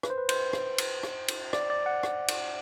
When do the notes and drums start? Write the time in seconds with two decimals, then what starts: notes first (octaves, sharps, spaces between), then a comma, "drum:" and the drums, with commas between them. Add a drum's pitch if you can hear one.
0.03 B4, drum: rim click
0.10 C5
0.18 B4
0.29 C5, drum: cymbal
0.53 drum: rim click
0.78 drum: cymbal
1.03 drum: rim click
1.28 drum: cymbal
1.53 D5, drum: rim click
1.70 D5
1.86 F#5
2.03 drum: rim click
2.28 drum: cymbal